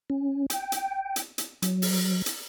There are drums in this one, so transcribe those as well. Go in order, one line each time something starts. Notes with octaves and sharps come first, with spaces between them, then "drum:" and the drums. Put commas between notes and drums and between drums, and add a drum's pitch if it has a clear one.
C#4
G5, drum: hi-hat
drum: hi-hat
drum: hi-hat
drum: hi-hat
F#3, drum: hi-hat
drum: open hi-hat
drum: hi-hat